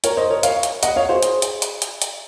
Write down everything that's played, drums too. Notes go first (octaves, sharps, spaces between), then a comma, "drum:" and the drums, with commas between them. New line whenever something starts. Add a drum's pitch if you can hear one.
A#4 C#5, drum: hi-hat
C5 D#5
A#4 C#5
C#5 F5, drum: hi-hat
drum: hi-hat
D#5 F#5, drum: hi-hat
C#5 F5
G#4 C5
drum: hi-hat
drum: hi-hat
drum: hi-hat
drum: hi-hat
drum: hi-hat